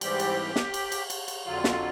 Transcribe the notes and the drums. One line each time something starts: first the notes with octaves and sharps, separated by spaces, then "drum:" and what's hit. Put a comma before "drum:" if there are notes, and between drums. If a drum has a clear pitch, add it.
G#2 E3 G3 C4 G4, drum: cymbal
drum: cymbal
drum: snare
drum: cymbal
drum: cymbal
drum: cymbal
drum: cymbal
F2 D3 F#3 F4
drum: snare